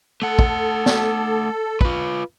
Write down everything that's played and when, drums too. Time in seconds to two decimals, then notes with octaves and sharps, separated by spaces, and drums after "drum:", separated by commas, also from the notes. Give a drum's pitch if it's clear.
0.22 A3 A4 F#5
0.39 drum: kick
0.86 drum: snare
1.81 F4 B4, drum: kick